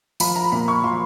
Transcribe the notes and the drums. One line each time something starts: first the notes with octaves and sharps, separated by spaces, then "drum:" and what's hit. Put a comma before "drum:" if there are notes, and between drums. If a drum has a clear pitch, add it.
F3 B5, drum: tambourine
A#5
A#2 B5
C#6
F3 C6